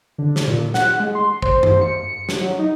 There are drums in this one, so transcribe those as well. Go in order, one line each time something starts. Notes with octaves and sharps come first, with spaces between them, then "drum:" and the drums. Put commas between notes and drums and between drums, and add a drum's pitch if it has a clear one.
D3
drum: snare
A#2
F#5, drum: snare
G#3
C6
C5, drum: kick
drum: tom F#2
C#7
drum: snare
F#3
D#4